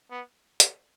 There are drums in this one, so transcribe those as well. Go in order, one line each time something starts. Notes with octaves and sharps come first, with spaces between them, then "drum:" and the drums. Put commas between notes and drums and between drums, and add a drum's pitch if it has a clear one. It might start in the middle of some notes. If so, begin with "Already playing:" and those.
B3
drum: hi-hat